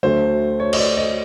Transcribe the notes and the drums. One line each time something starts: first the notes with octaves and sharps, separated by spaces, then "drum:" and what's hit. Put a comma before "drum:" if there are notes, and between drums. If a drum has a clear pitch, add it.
D2 D3 F#3 A3 C5
C#5
D#5, drum: cymbal
D5
D#5